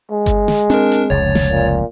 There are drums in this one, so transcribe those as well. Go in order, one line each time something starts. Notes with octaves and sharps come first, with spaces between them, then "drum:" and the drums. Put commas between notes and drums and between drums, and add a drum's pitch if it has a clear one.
G#3
drum: kick G1, hi-hat
drum: snare
C4 D4 A#4, drum: hi-hat
drum: hi-hat
F1 C#2 C#5 A6
drum: snare
A#2